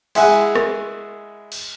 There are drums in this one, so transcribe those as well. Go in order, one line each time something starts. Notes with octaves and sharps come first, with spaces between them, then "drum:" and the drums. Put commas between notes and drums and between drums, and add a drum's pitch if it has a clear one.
G#3 E4 G#4 E5 F#5 G#5, drum: cymbal
drum: rim click
drum: cymbal